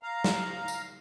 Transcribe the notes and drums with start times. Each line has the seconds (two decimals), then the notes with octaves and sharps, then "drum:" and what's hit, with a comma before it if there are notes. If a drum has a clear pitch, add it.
0.03 F5 A#5
0.24 drum: snare
0.68 drum: tambourine